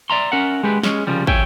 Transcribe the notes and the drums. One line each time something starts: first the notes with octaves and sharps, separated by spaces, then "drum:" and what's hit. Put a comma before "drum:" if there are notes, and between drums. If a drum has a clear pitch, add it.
D5 E5 A#5 C6
C#4 A#4 E5 F#5
G#3 G4 B4
G#3 C#4, drum: snare
C2 C#3 F3 G3
C#5 E5 G5 G#5, drum: kick